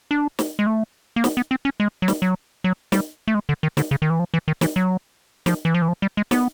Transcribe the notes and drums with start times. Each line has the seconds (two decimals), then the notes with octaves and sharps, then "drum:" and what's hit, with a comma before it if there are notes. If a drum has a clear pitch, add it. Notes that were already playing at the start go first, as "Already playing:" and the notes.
0.11 D4
0.39 drum: snare
0.59 G#3
0.67 A3
1.16 A#3
1.24 B3, drum: snare
1.37 B3
1.51 C4
1.65 C#4
1.80 G#3
2.02 F#3
2.08 G3, drum: snare
2.22 F#3
2.64 F#3
2.92 G3, drum: snare
3.28 A3
3.35 G#3
3.49 D3
3.63 D#3
3.77 D3, drum: snare
3.91 C#3
4.02 D#3
4.10 E3
4.20 F3
4.34 E3
4.48 D#3
4.61 E3, drum: snare
4.76 F#3
5.46 F3, drum: snare
5.65 E3
5.74 F3
5.82 E3
5.88 F3
6.02 G3
6.17 G#3
6.31 B3, drum: snare